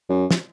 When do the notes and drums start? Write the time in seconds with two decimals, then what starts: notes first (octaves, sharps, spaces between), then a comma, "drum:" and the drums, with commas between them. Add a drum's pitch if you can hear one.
0.10 F#2
0.31 drum: snare